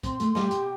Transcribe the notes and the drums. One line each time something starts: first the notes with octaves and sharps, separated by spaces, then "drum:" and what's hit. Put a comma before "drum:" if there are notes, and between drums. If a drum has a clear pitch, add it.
C4 C6, drum: kick, hi-hat
A3, drum: hi-hat
G3 G4, drum: snare
B2, drum: hi-hat